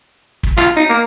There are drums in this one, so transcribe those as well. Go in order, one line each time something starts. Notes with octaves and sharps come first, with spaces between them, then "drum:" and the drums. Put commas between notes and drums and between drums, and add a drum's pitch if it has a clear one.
drum: kick
F4, drum: rim click
D#4
A#3